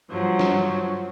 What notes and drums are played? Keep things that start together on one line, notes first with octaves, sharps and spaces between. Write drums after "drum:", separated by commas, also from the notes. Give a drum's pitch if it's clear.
G2 F3 F#3
drum: snare